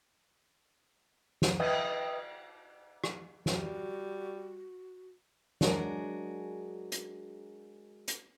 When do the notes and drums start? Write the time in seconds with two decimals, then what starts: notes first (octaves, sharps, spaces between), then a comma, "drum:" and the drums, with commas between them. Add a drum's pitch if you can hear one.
1.42 drum: snare
1.60 B4 D#5 E5 G5 D#6, drum: cymbal
3.04 drum: rim click
3.46 G3 F#4, drum: snare
5.61 F#3 G#3 D4 F#4 G#4 A#4, drum: snare
6.92 drum: hi-hat
8.08 drum: hi-hat